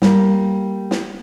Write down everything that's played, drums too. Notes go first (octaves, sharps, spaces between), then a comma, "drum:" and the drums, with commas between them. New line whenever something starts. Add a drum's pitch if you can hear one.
G3 A#3, drum: snare
drum: snare